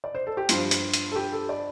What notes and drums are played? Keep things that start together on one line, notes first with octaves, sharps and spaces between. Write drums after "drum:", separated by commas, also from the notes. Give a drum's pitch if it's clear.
D5
C5
A4
G4
G2 F3 F4, drum: hi-hat
drum: hi-hat
drum: hi-hat
A4
G4
A4
D5